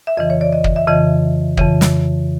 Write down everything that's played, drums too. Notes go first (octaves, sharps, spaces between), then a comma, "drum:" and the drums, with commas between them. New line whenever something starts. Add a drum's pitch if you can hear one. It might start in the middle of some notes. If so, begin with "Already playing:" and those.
E5
F2 C#3 E3 D#5
C#5
D5
D#5
drum: kick
E5
F2 C#3 E3 D#5
F2 C#3 E3, drum: kick
drum: snare